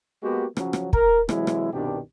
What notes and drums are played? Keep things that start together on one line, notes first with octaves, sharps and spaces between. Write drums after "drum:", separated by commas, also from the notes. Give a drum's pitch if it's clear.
G#3 A#3 B3 F#4 G4
C#3 F3 F#3, drum: rim click
drum: rim click
A#4, drum: kick
C3 E3 F#3 G#3 E4, drum: rim click
drum: rim click
C2 G2 B2 D#3 D4 G4